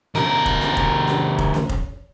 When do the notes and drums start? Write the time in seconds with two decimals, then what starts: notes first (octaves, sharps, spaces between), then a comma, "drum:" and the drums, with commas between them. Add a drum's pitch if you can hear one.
0.15 D2 A#4, drum: snare C#4
0.46 drum: kick F1
0.61 drum: snare C#4
0.77 drum: kick F1
1.08 drum: snare C#4
1.38 drum: kick F1
1.54 drum: snare C#4
1.69 drum: kick F1